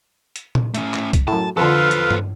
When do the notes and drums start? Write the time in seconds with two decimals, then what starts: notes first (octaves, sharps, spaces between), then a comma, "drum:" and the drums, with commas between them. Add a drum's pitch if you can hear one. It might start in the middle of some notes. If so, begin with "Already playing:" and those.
0.36 drum: hi-hat
0.55 drum: tom A#2
0.75 A3 C#4, drum: hi-hat
0.94 drum: clap
1.13 drum: kick, hi-hat
1.27 F#2 A2 A5
1.57 F2 D3 F4 A4 B4 C5 F5
1.91 drum: hi-hat
2.11 drum: tom G2